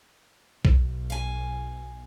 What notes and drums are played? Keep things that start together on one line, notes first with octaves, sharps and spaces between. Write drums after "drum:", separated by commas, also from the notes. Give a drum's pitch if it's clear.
B1, drum: kick
F5 G#5